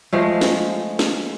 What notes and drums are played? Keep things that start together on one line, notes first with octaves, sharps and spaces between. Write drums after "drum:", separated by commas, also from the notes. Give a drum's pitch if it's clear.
F3 G#3 A3
drum: snare
drum: snare